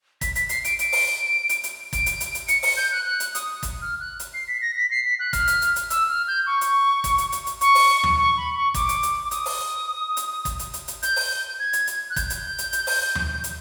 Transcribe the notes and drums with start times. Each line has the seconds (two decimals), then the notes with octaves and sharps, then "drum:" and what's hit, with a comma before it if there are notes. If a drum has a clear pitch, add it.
0.21 B6, drum: kick, hi-hat
0.35 B6, drum: hi-hat
0.49 C7, drum: hi-hat
0.65 D7, drum: hi-hat
0.79 D7, drum: hi-hat
0.92 drum: open hi-hat
1.49 drum: hi-hat
1.64 drum: hi-hat
1.93 D7, drum: kick, hi-hat
2.06 drum: hi-hat
2.20 drum: hi-hat
2.35 drum: hi-hat
2.48 C#7, drum: hi-hat
2.63 C#7, drum: open hi-hat
2.77 G6
2.92 F#6
3.06 F#6
3.20 drum: hi-hat
3.35 D#6, drum: hi-hat
3.63 drum: kick, hi-hat
3.82 F6
4.00 F#6
4.20 drum: hi-hat
4.34 C7
4.48 B6
4.62 A#6
4.77 B6
4.91 C7
5.05 B6
5.20 F#6
5.33 F6, drum: kick, hi-hat
5.47 drum: hi-hat
5.62 drum: hi-hat
5.76 drum: hi-hat
5.90 E6, drum: hi-hat
6.09 F6
6.28 G6
6.46 C#6
6.61 drum: hi-hat
7.04 drum: kick, hi-hat
7.18 drum: hi-hat
7.32 drum: hi-hat
7.47 drum: hi-hat
7.61 C#6, drum: hi-hat
7.75 drum: open hi-hat
8.03 drum: tom D#2
8.18 C#6
8.37 B5
8.56 C#6
8.74 D6, drum: kick, hi-hat
8.89 drum: hi-hat
9.03 drum: hi-hat
9.25 D6
9.31 D#6, drum: hi-hat
9.46 drum: open hi-hat
10.17 drum: hi-hat
10.45 drum: kick, hi-hat
10.59 drum: hi-hat
10.74 drum: hi-hat
10.88 drum: hi-hat
11.03 G6, drum: hi-hat
11.16 drum: open hi-hat
11.59 G#6
11.73 drum: hi-hat
11.87 drum: hi-hat
12.10 F#6
12.16 G6, drum: kick, hi-hat
12.30 drum: hi-hat
12.58 drum: hi-hat
12.73 drum: hi-hat
12.87 drum: open hi-hat
13.15 drum: tom D#2
13.44 drum: hi-hat